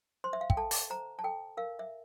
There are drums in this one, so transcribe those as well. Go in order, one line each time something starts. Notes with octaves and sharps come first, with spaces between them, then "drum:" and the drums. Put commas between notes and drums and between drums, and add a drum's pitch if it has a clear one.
C5 C6
E5
F5
G5, drum: kick
A4 A5
drum: open hi-hat
C5 A#5
A5
A4 G5
A#4 F5
E5